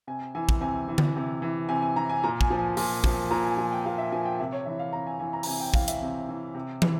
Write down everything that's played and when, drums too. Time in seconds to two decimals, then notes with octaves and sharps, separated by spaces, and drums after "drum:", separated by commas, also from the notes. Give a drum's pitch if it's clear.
0.07 C3 G#5
0.35 E3 G#5
0.49 drum: kick
0.61 C3 G#5
0.88 E3
0.98 drum: tom D3
1.16 C3
1.42 E3
1.69 C3 G#5
1.82 G#5
1.96 E3 A#5
2.09 G#5
2.23 A#2 A#5
2.41 G#5, drum: kick
2.50 F3
2.59 G#5
2.77 A#2 G#5, drum: open hi-hat
3.04 F3, drum: kick
3.31 A#2 A#5
3.44 G#5
3.58 F3 G#5
3.72 G5
3.86 A#2 F5
3.98 E5
4.12 F3 G#5
4.25 G5
4.40 C3 E5
4.52 C#5
4.66 E3 E5
4.79 F5
4.93 C3 A#5
5.07 G#5
5.20 E3 G#5
5.33 A#5
5.43 A#5, drum: open hi-hat
5.47 C3 G#5
5.60 G5
5.74 E3 F5, drum: kick
5.88 E5, drum: hi-hat
6.02 C3
6.29 E3
6.55 C3
6.82 E3, drum: tom